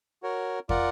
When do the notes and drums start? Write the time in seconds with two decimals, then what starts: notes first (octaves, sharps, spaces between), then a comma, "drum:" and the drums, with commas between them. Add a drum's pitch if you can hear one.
0.23 F#4 A#4 C#5
0.69 F4 A#4 D5 F#5, drum: kick